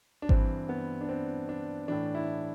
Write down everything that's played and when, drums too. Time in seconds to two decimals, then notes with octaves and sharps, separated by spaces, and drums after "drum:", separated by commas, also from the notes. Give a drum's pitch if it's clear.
0.22 D4
0.29 G2 E3 C4, drum: kick G#1
0.69 B3
1.01 D4
1.09 C4
1.49 D4
1.88 A2 E3 D4
2.15 E4